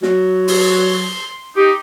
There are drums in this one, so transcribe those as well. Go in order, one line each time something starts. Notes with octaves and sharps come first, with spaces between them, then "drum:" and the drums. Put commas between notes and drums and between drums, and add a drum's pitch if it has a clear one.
F#3, drum: snare
C6, drum: open hi-hat
D#4 G4